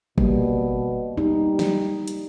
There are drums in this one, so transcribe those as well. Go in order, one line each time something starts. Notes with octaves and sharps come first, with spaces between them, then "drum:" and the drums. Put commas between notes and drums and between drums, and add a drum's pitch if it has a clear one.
B2 G3 A#3, drum: kick
G3 D#4
drum: snare
drum: hi-hat